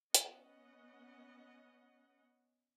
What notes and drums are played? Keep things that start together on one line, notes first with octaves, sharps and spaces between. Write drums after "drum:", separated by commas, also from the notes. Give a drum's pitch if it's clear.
B3 C#4 D#5 F#5, drum: hi-hat